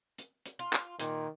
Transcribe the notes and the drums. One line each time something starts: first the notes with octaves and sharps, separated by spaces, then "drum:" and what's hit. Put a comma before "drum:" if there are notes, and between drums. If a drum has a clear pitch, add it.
drum: hi-hat
drum: hi-hat
F4
drum: clap
A#2 D#3, drum: hi-hat